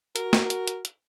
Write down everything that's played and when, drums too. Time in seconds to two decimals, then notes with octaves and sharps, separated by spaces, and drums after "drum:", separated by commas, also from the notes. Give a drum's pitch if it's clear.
0.16 F#4 A#4, drum: hi-hat
0.33 drum: snare
0.50 drum: hi-hat
0.68 drum: hi-hat
0.85 drum: hi-hat